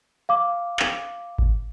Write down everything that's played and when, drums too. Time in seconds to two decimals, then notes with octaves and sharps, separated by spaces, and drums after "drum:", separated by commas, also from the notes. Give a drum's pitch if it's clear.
0.29 F5 D6
0.79 drum: clap
1.39 drum: kick G#1